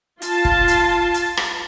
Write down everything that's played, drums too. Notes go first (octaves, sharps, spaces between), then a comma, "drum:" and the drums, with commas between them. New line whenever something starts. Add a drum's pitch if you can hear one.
F4 A5, drum: hi-hat
drum: kick
drum: hi-hat
drum: hi-hat
drum: rim click